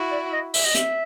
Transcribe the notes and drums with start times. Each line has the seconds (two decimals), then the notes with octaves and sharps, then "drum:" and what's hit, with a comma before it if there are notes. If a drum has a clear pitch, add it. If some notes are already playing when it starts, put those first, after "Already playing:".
Already playing: E4 F#4
0.11 D5
0.33 D#5
0.54 E5, drum: open hi-hat
0.65 D#5
0.75 E5, drum: hi-hat